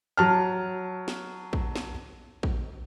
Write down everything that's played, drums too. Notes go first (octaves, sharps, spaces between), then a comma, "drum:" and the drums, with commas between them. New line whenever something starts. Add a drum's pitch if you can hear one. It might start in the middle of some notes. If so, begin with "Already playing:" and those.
F#3 A5 F6
drum: snare
drum: kick
drum: snare
drum: kick